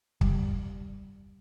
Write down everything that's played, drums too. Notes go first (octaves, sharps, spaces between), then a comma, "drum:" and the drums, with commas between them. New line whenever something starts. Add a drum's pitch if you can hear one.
G3, drum: kick